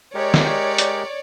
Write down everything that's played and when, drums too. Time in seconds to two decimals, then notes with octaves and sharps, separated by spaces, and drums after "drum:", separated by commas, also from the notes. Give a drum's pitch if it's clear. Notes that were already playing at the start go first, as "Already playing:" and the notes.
0.15 G#3 G4 A#4 C#5 D5
0.34 drum: snare
0.78 drum: hi-hat